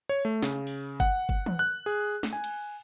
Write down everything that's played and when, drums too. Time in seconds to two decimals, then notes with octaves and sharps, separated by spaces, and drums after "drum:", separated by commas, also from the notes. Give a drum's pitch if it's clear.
0.09 C#5
0.25 A3
0.43 C#3, drum: snare
0.67 drum: open hi-hat
1.00 F#5, drum: kick G1
1.29 drum: kick G1
1.46 drum: tom
1.59 F#6
1.86 G#4
2.23 drum: snare
2.33 G#5
2.44 drum: cymbal